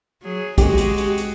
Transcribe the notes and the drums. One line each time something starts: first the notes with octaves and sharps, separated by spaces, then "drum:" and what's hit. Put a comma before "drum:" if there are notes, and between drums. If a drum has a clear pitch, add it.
F#3 G#4
G#3 F#4 G4, drum: kick A#1, hi-hat
drum: hi-hat
drum: hi-hat
drum: hi-hat